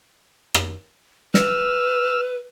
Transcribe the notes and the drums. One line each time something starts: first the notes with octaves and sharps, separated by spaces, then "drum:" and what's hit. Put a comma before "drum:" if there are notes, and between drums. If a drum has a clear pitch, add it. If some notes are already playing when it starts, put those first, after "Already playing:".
drum: rim click
B4 E6 F6, drum: snare